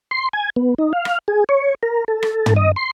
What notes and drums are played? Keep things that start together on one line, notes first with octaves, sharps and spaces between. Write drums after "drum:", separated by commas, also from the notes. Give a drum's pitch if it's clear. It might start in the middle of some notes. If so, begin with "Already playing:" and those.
C6
G#5
B3
D#4
F5
drum: rim click
G#4
C#5
A#4
A4
drum: rim click
drum: tom
D#5
C6